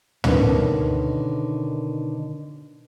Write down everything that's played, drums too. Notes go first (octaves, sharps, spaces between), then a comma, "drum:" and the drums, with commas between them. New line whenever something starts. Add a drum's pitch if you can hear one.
B2 D3 D#3 A#3 C#4, drum: tom